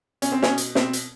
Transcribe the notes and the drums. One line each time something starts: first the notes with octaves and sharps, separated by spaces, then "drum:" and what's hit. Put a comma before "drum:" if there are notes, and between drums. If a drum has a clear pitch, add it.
B2 C#4, drum: hi-hat
C4
C#4, drum: snare
B2
drum: hi-hat
B2 C4, drum: snare
drum: hi-hat